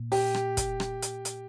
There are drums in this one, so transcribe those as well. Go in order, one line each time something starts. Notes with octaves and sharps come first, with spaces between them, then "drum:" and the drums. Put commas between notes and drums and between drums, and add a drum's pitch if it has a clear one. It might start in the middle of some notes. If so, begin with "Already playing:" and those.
Already playing: A#2
G4, drum: open hi-hat
drum: rim click
drum: kick, hi-hat
drum: rim click
drum: hi-hat
drum: hi-hat